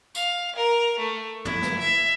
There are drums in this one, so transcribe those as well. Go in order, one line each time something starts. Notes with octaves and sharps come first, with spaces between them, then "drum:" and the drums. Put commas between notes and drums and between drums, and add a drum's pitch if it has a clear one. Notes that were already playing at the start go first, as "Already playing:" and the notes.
F5, drum: tambourine
A#4
A3
E4, drum: tom
drum: snare
E5